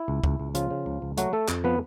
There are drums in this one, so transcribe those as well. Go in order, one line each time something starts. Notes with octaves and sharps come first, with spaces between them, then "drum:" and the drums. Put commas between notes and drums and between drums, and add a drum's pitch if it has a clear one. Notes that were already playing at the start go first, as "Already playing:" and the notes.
Already playing: E4
C#2
C#2, drum: kick
C#2
C#3 F3 F4, drum: hi-hat
C#3
C#2
C#2
F#3 A3 F#4, drum: hi-hat
A3 A4
F2, drum: clap
F3 B3 B4